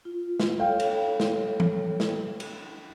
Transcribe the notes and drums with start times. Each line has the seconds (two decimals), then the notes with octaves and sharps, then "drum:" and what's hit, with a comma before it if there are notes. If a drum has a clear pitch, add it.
0.05 F4
0.40 drum: snare
0.60 A4 C#5 F5 G5
0.80 drum: cymbal
1.20 drum: snare
1.60 drum: tom E3
2.00 drum: snare
2.40 drum: cymbal